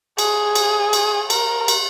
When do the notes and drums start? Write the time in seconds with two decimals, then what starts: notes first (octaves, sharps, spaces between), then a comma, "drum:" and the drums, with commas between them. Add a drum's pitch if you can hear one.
0.19 G#4, drum: cymbal
0.55 drum: cymbal
0.93 drum: cymbal
1.30 A#4, drum: cymbal
1.68 drum: cymbal